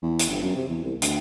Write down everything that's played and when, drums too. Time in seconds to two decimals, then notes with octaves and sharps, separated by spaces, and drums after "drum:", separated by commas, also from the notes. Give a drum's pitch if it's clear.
0.02 E2
0.19 drum: hi-hat
0.29 G1
0.42 F#2
0.56 C3
0.69 E2
0.84 C2
1.02 D2, drum: hi-hat